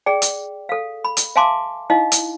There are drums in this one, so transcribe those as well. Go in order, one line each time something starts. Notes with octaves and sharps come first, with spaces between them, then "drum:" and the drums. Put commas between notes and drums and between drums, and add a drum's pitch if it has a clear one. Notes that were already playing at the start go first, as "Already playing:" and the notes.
G#4 D5 G5
drum: hi-hat
A4 F5
B5
drum: hi-hat
E5 F5 G#5 A5 C6 D6
D#4 E4 D#5 F5
drum: hi-hat